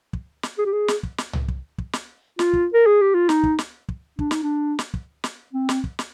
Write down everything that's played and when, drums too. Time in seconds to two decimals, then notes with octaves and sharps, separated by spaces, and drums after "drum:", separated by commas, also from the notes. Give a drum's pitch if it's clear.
0.13 drum: kick
0.43 drum: snare
0.59 G#4
0.65 G4
0.73 G#4
0.88 drum: snare
1.03 drum: kick
1.18 drum: snare
1.33 drum: tom C2
1.48 drum: kick
1.78 drum: kick
1.93 drum: snare
2.39 F4, drum: snare
2.53 drum: kick
2.74 A#4
2.87 G#4
3.01 G4
3.14 F4
3.29 D#4, drum: snare
3.44 drum: kick
3.59 drum: snare
3.89 drum: kick
4.19 D4, drum: kick
4.31 D#4, drum: snare
4.43 D4
4.79 drum: snare
4.94 drum: kick
5.24 drum: snare
5.53 C4
5.69 drum: snare
5.84 drum: kick
5.99 drum: snare